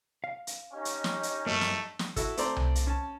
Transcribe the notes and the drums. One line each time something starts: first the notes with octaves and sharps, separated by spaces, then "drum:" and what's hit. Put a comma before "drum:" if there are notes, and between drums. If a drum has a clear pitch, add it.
F5
drum: hi-hat
C#4 D#4 G4 D#5
drum: hi-hat
drum: snare
drum: hi-hat
G2 F#3 A3 A#3
drum: snare
drum: snare
E4 F#4 A4, drum: kick, hi-hat
A3 C4 D5 A#5 C6, drum: hi-hat
drum: tom C2
drum: hi-hat
C#4 A5